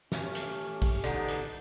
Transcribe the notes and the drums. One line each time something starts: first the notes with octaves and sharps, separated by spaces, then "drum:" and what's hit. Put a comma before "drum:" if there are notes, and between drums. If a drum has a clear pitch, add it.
A3 C#4 G4, drum: snare
drum: hi-hat
drum: kick A#1, open hi-hat
D3 B3 D#4, drum: hi-hat
drum: hi-hat